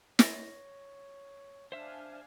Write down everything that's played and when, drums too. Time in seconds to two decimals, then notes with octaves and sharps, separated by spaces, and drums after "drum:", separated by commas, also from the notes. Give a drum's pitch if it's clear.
0.19 C#5 A#6, drum: snare
1.72 D4 C5 E5 F5 G#5